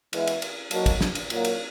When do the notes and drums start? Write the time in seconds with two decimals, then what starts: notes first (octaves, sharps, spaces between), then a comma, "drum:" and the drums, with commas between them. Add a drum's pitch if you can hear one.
0.13 E3 G#3 B3 E4, drum: cymbal
0.27 drum: cymbal
0.42 drum: cymbal
0.71 F#3 A#3 D#4 F#4 A4, drum: cymbal
0.86 drum: kick, cymbal
1.01 drum: snare
1.15 drum: cymbal
1.30 A#2 F#3 A#3, drum: cymbal
1.45 drum: cymbal